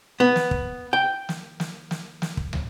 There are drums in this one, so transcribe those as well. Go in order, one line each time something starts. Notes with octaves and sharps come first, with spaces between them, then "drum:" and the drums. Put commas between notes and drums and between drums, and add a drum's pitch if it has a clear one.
B3
drum: snare
drum: kick
G5
drum: snare
drum: snare
drum: snare
drum: snare
drum: kick
drum: tom